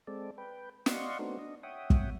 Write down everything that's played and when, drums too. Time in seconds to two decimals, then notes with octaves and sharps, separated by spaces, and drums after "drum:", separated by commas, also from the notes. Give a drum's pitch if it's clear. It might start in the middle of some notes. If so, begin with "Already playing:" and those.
0.07 G#3 C4 A4 D5
0.38 B4 G5
0.86 D5 D#5 F5 F#5 C6 C#6, drum: snare
1.19 A3 B3 C4 D4 D#4 F#4
1.39 D4 D#5
1.63 C#5 E5 F#5 G5 D#6
1.90 drum: kick